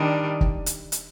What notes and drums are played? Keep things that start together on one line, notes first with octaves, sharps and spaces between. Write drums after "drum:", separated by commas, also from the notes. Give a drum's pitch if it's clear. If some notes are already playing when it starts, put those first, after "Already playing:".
Already playing: D#3 G3 D4
drum: kick
drum: hi-hat
drum: hi-hat